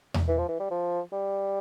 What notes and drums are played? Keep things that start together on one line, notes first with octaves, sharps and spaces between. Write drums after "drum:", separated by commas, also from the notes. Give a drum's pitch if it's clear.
drum: tom E2
E3
F3
E3
G3
F3
G3